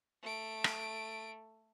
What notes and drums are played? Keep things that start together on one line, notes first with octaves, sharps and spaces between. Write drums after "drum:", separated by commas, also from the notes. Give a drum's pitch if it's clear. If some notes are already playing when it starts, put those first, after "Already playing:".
A3 D7
drum: rim click